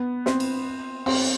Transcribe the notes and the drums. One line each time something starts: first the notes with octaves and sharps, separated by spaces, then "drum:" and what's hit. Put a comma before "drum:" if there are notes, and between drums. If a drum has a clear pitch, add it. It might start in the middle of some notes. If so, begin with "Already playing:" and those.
Already playing: B3
C4, drum: snare
drum: cymbal
C4, drum: cymbal